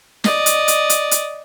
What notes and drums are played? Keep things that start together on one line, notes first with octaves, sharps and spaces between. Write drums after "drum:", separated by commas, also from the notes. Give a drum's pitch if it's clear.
D5 D#5, drum: snare
drum: hi-hat
drum: hi-hat
drum: hi-hat
drum: hi-hat